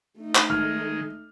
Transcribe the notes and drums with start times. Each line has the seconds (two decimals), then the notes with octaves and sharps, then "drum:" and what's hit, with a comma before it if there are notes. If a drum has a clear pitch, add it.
0.17 A3 D#4
0.35 drum: clap
0.50 D#3 G#3 F6